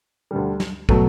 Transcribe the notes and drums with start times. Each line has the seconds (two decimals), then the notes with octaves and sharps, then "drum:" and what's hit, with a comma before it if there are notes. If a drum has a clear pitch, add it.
0.31 D2 D3 G3
0.60 drum: snare
0.89 B2 F#3 A3, drum: kick